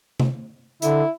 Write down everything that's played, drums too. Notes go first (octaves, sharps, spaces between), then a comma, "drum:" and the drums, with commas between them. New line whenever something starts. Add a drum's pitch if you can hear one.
drum: tom C3
D3 E4, drum: hi-hat